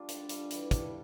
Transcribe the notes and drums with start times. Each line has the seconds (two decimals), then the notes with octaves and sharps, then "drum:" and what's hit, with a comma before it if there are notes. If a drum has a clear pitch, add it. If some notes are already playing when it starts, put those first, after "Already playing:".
Already playing: G3 D4 F4 A4
0.08 D3, drum: hi-hat
0.29 G3 D4 F4, drum: hi-hat
0.50 E3, drum: hi-hat
0.71 G3 D4, drum: kick, hi-hat